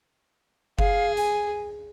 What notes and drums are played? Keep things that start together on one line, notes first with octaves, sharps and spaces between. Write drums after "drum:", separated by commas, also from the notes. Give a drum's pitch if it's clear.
G#4 F5, drum: kick F#1
G#5, drum: hi-hat